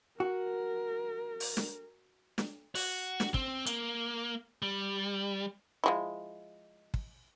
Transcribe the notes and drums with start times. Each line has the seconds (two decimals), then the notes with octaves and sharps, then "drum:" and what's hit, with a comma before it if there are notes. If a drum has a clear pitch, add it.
0.20 F#4 A#4
1.40 drum: open hi-hat
1.57 drum: snare
2.38 drum: snare
2.75 F#4, drum: open hi-hat
3.20 drum: snare
3.34 C4, drum: kick
3.66 A#3, drum: hi-hat
4.62 G3
5.84 F3 G#3 E4
6.94 drum: kick